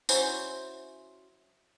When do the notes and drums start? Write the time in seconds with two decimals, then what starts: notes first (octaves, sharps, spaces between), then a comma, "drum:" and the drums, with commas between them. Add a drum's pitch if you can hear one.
0.09 F#3 C#4 E4 C5, drum: tambourine